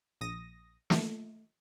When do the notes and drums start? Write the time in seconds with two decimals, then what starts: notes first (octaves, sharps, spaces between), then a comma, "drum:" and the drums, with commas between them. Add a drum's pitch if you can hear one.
0.21 A#1 D#6 A#6
0.90 A3, drum: snare